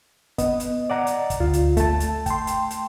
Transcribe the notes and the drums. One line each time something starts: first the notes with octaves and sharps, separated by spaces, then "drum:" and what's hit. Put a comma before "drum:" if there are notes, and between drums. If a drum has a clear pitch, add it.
B3 D#5, drum: kick, hi-hat
drum: hi-hat
D5 F#5 A#5
drum: hi-hat
drum: kick, hi-hat
D2 F4
drum: hi-hat
A3 A5, drum: kick, hi-hat
drum: hi-hat
G5 C6, drum: kick, hi-hat
drum: hi-hat
drum: hi-hat